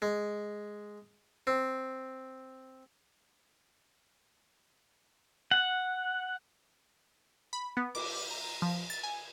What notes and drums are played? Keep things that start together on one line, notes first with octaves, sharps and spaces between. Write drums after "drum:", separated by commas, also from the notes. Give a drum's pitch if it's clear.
G#3
C4
F#5
B5
B3
D6, drum: cymbal
A#5
F3
A6
G#5